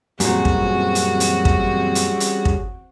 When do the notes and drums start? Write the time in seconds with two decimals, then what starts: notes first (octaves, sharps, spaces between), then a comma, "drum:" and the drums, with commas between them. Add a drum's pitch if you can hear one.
0.20 F#2 A#2 E3 G3 C4 C#4 F#4 G#4, drum: hi-hat
0.45 drum: kick
0.95 drum: hi-hat
1.20 drum: hi-hat
1.45 drum: kick
1.95 drum: hi-hat
2.20 drum: hi-hat
2.45 drum: kick